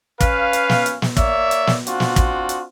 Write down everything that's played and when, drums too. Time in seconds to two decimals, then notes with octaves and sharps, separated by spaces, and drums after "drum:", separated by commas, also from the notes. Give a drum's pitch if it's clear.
0.20 C#4 B4 F5, drum: kick, hi-hat
0.53 drum: hi-hat
0.69 drum: snare
0.86 drum: hi-hat
1.02 drum: snare
1.17 A#3 C#5 D5 E5, drum: kick, hi-hat
1.51 drum: hi-hat
1.67 drum: snare
1.87 C4 D4 F4 F#4, drum: hi-hat
2.00 drum: snare
2.16 drum: kick, hi-hat
2.49 drum: hi-hat